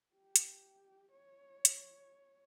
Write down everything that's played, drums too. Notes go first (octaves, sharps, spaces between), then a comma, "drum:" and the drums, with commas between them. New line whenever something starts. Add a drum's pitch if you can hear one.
G4
drum: hi-hat
C#5
drum: hi-hat